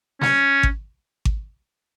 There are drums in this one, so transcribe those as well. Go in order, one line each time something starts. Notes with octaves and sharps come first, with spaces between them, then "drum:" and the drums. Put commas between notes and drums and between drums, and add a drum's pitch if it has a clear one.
C#4, drum: snare
drum: kick G#1
drum: kick G#1